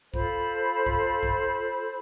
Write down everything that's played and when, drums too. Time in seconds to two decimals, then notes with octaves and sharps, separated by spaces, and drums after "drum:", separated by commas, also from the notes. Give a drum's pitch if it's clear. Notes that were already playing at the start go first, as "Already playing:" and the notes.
0.14 F4 A4 C5 B5, drum: kick B1
0.86 drum: kick B1
1.23 drum: kick B1